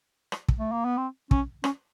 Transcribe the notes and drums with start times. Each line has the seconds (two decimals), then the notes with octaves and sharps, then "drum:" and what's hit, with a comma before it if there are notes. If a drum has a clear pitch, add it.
0.32 drum: rim click
0.49 drum: kick
0.59 A3
0.72 A#3
0.85 B3
0.98 C4
1.31 C#4, drum: kick
1.64 C#4, drum: rim click